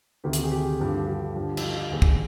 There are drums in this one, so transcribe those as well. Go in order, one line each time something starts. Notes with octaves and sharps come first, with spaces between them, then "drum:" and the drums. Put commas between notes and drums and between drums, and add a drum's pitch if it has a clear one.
D2 C3 D#3 G4
drum: hi-hat
G#4
G4
G2 D3 F3
G4
G2 D3 F3
D#4, drum: cymbal
F4
D#2 D#3 G#4
drum: kick